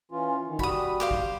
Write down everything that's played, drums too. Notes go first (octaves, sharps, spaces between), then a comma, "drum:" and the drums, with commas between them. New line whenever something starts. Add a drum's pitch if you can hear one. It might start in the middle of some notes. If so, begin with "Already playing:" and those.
E3 C#4 F4
D#3
G3 F#4 B5 D#6, drum: kick
G4 C5 F5
drum: kick